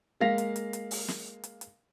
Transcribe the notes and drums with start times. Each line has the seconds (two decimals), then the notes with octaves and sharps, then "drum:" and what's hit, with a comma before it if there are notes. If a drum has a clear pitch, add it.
0.20 G#3 A#3 F5 A#6 B6 F7
0.38 drum: hi-hat
0.56 drum: hi-hat
0.73 drum: hi-hat
0.91 drum: open hi-hat
1.08 drum: snare
1.44 drum: hi-hat
1.61 drum: hi-hat